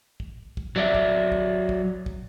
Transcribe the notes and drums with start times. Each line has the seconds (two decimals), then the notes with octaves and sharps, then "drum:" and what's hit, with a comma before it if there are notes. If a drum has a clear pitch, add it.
0.20 drum: kick
0.57 drum: kick
0.76 F#3 D5 E5
0.94 drum: kick
1.32 drum: kick
1.69 drum: kick
2.06 drum: kick